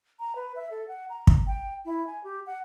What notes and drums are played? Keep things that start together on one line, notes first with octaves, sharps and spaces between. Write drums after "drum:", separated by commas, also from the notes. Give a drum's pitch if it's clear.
A#5
B4
E5
A4
F#5
A#5
drum: kick
G5
E4
G#5
G4
F#5